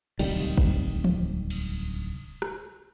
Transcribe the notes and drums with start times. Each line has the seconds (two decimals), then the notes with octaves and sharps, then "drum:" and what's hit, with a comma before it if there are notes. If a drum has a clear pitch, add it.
0.19 D1 C2 D#3 G3, drum: cymbal
0.58 drum: kick
1.04 drum: tom E3
1.50 drum: cymbal
2.42 drum: rim click